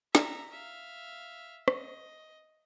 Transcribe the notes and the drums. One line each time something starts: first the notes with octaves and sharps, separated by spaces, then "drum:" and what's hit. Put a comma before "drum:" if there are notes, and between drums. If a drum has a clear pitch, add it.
E5 A#5, drum: snare
E5 F5
D#5, drum: rim click